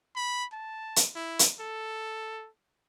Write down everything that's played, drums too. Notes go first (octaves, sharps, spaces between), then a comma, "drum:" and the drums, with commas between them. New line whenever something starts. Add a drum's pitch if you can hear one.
B5
A5
drum: hi-hat
E4
drum: hi-hat
A4